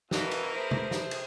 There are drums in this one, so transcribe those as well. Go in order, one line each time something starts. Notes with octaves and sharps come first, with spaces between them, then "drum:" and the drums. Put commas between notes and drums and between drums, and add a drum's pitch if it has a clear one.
F2 B2 E3 A#4 B4, drum: snare
drum: cymbal
A3 G#4 C5
drum: tom C3
drum: snare
drum: cymbal